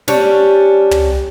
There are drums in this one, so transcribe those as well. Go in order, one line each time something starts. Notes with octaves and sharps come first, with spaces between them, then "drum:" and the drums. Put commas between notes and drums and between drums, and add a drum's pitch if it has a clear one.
G3 C#4 D4, drum: snare
drum: tom